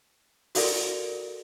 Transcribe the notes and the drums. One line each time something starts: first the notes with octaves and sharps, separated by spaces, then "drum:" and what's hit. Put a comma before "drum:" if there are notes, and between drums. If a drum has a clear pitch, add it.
F#4 A4 A#4 D5, drum: open hi-hat